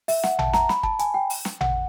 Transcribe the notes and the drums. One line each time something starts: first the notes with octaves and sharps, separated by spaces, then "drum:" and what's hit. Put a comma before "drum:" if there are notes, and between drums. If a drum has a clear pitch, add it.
E5, drum: open hi-hat
F#5, drum: snare
A5, drum: tom A1
A#5, drum: snare
B5, drum: snare
A5, drum: kick
G#5, drum: hi-hat
G5
drum: open hi-hat
drum: snare
F#5, drum: tom A1